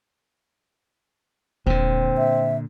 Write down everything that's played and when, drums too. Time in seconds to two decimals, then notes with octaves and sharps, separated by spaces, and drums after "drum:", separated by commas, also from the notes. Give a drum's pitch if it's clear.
1.66 A#2 D3 C4, drum: kick D#1
2.18 E5